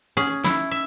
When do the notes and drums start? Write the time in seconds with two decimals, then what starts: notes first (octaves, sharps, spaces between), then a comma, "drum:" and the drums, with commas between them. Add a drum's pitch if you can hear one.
0.17 C#4 G#4
0.44 E4, drum: snare
0.71 E5